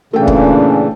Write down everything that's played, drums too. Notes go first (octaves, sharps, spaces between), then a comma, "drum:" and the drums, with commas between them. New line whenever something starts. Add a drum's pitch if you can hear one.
A#2 C#3 E3 A3 C#4 D4 G5
drum: kick